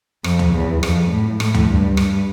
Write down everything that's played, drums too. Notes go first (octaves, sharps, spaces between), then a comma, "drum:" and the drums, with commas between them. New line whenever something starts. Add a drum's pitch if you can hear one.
F2, drum: rim click
drum: tom D2
E2
F2, drum: rim click
A2
A2, drum: rim click
drum: tom D2
G2
G2, drum: rim click